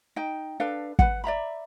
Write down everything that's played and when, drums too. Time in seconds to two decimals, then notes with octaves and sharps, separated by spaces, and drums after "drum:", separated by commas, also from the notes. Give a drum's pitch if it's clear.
0.16 D#4 G5
0.60 D4 A4 B4 F5
0.99 B4 F#5, drum: kick
1.24 D5 E5 A#5 B5